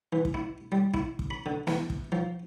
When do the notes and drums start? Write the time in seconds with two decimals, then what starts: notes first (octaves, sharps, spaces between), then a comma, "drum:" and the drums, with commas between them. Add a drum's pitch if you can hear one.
0.13 E3
0.25 drum: kick
0.34 E4
0.72 G3
0.94 E4, drum: kick
1.19 drum: kick
1.31 B5
1.46 D3
1.67 E2, drum: snare
1.90 drum: kick
2.12 F3